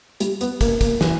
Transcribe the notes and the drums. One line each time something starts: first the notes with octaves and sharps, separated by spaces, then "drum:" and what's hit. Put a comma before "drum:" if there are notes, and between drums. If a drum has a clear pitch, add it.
G3, drum: hi-hat
B3, drum: hi-hat
A#3, drum: kick, hi-hat
A#3, drum: kick, hi-hat
E3, drum: snare